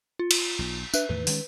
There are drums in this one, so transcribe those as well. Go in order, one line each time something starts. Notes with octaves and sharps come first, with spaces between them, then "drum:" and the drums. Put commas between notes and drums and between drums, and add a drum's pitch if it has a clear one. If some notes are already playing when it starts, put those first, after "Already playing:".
F4
drum: cymbal
B1
D4 B4 E5 F#6, drum: tambourine
E2 A2 D#3 B4
D#3 G#3 C#4, drum: open hi-hat